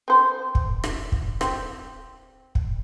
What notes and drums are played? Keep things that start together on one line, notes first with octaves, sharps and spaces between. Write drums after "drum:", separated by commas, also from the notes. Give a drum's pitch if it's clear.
C4 C5
drum: kick
drum: rim click
drum: kick
C4, drum: rim click
drum: kick